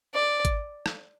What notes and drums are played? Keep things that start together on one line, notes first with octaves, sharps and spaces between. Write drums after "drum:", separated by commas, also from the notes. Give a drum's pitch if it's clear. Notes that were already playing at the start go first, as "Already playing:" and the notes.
D5
drum: kick G#1, hi-hat
drum: rim click